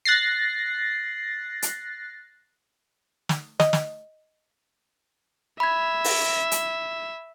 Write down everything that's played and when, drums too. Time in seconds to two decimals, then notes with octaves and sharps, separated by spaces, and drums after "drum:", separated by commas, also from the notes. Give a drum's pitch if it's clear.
0.05 F#6 A6 A#6 C7
1.62 drum: hi-hat
3.29 drum: snare
3.60 D#5, drum: snare
3.73 drum: snare
5.60 E5 B5 G#6
6.04 drum: open hi-hat
6.52 drum: hi-hat